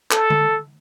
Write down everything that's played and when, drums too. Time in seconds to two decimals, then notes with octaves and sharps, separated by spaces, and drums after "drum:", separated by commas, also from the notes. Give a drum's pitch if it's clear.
0.11 A4, drum: clap
0.30 drum: tom D3